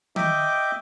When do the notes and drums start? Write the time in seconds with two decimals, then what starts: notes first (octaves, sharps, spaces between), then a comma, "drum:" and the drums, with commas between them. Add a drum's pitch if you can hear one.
0.16 D#5 E5 G5 D6, drum: tom D#3